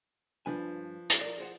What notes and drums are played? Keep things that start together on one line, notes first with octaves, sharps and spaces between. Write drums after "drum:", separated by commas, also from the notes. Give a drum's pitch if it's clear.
G2 F3 D4 B4 G#5
drum: hi-hat
A#4 D5
G#4 C5 F#5